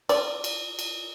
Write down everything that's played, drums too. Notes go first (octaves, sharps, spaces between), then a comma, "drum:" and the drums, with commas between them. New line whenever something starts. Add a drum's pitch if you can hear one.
D5, drum: cymbal
drum: cymbal
drum: cymbal